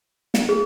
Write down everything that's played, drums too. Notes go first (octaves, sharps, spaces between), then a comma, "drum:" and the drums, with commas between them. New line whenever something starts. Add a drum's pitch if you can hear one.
drum: snare
G#4